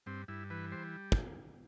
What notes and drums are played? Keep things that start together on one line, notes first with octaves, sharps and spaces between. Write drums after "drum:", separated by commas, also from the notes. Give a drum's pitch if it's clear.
G2 C4
G2 E4
E3 B4
G3 C5
drum: kick